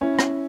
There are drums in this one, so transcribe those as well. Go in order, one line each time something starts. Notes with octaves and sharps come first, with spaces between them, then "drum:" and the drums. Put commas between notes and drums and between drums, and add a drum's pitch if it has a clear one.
C#4 E4
drum: rim click